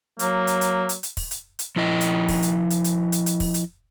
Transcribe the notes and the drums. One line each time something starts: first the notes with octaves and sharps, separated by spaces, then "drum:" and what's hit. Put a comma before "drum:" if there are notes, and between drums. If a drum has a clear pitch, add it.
F#3 A#3, drum: hi-hat
drum: hi-hat
drum: hi-hat
drum: hi-hat
drum: hi-hat
drum: kick, open hi-hat
drum: hi-hat
drum: hi-hat
F3 E4 D#5
drum: hi-hat
drum: kick, open hi-hat
drum: hi-hat
drum: hi-hat
drum: hi-hat
drum: hi-hat
drum: hi-hat
drum: kick, open hi-hat
drum: hi-hat